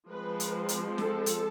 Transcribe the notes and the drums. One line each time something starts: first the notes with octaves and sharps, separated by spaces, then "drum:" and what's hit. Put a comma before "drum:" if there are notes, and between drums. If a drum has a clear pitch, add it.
F3 G#3 C4 B4
drum: hi-hat
drum: hi-hat
A4, drum: snare
drum: hi-hat